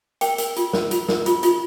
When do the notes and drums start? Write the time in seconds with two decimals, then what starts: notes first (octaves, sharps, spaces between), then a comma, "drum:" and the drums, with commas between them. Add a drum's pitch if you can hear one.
0.21 A#4 G5, drum: hi-hat
0.38 A#4, drum: hi-hat
0.57 F4, drum: hi-hat
0.73 A#4, drum: snare
0.91 F4, drum: hi-hat
1.09 A#4, drum: snare
1.26 F4, drum: hi-hat
1.43 F4, drum: hi-hat